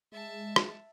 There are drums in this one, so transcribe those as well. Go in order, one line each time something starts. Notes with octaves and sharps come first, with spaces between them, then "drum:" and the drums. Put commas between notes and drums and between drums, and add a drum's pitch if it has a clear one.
G#3 E5 A5
drum: rim click